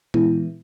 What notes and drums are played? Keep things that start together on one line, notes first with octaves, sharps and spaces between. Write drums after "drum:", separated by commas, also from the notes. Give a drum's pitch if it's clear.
E3 G#3 B3 E4, drum: tom A#2